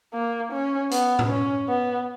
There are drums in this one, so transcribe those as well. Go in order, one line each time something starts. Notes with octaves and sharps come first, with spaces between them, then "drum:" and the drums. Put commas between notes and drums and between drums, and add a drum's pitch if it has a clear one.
A#3
C#4
B3, drum: hi-hat
drum: tom A2
C#4
B3